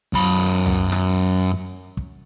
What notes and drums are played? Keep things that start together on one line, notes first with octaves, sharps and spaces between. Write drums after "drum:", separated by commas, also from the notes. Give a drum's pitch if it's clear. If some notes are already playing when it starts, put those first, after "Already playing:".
F#2 B5, drum: kick
drum: tom C2
drum: snare
drum: kick